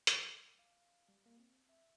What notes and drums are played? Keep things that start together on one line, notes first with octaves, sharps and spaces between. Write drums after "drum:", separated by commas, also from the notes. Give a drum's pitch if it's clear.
F#3, drum: hi-hat
D6
F5
G3
A#3
C4
E5